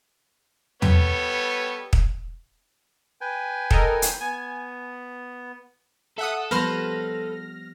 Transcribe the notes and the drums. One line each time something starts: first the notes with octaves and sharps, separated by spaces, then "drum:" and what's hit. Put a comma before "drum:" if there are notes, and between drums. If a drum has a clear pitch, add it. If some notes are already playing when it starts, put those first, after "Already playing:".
G3 B3 A4 C#5, drum: tom
drum: kick
B4 G5 G#5
A4 A#4 D#5, drum: kick
drum: hi-hat
B3 G#5
A4 E5 F#5 D#6
F3 G3 B3 B4 C5 C6 F6 A#6